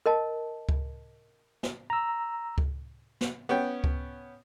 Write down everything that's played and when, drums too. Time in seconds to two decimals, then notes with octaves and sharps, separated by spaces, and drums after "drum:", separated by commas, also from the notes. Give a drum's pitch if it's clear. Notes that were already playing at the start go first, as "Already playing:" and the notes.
0.06 A#4 D#5 A5
0.69 drum: kick C#2
1.63 drum: snare
1.90 A#5 E6
2.58 drum: kick C#2
3.21 drum: snare
3.49 B3 C#4 G5
3.84 drum: kick C#2